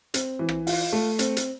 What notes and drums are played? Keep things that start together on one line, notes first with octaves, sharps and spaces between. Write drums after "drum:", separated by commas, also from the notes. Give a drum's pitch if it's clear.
C4, drum: hi-hat
E3
drum: rim click
F4, drum: open hi-hat
A3
C4, drum: hi-hat
drum: hi-hat